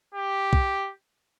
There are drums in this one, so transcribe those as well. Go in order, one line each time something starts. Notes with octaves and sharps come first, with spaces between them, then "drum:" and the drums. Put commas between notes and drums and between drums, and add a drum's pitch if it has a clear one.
G4
drum: kick B1